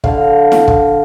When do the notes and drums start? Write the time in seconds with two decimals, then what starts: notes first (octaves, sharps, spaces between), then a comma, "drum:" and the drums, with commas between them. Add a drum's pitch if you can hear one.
0.04 D3 F5, drum: kick
0.52 drum: snare E4
0.68 drum: kick